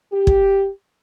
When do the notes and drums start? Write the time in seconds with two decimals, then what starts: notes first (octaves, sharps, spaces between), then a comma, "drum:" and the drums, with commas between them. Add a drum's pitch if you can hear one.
0.13 G4
0.27 drum: kick